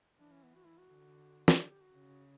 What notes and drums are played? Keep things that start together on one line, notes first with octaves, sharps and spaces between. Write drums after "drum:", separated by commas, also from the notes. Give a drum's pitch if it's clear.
E3 D4
C#4
B3
F#4
E4
F#4
D3
drum: snare
G4
G4
F#4
C#3